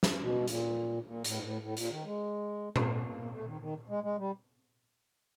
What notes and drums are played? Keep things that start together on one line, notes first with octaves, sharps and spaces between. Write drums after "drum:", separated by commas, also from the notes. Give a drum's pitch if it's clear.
drum: snare
B2
A#2, drum: hi-hat
A#2
A2, drum: hi-hat
G#2
A2
A2
A#2, drum: hi-hat
D#3
G#3
A3, drum: tom A#2
A#3
A3
D#3
D#3
G#3
G#3
G3